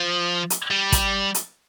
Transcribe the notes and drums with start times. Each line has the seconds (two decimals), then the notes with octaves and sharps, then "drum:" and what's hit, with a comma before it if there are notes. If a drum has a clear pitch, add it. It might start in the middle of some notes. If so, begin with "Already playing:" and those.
Already playing: F3
0.50 drum: hi-hat
0.71 G3
0.92 drum: kick, hi-hat
1.34 drum: hi-hat